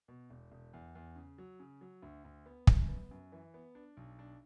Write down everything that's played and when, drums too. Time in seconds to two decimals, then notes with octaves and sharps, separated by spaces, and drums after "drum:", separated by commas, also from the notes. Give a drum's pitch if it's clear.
0.08 B2
0.30 E1
0.52 E1
0.74 E2
0.95 E2
1.16 C#3
1.38 F#3
1.60 C#3
1.81 F#3
2.03 D2
2.24 D2
2.46 B3
2.67 F#2, drum: kick
2.89 B3
3.11 F#2
3.32 E3
3.54 B3
3.75 D4
3.97 B1
4.19 D4